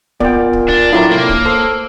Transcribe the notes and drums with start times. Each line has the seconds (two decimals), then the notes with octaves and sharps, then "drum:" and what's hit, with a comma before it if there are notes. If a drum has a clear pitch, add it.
0.20 A#2 B3 D5 G5, drum: kick
0.53 drum: kick
0.68 D4, drum: kick
0.93 A2 F#3 E4 F4 D5 F5 A#5
1.11 C3 A#3 A#4
1.29 drum: kick
1.46 A4 C5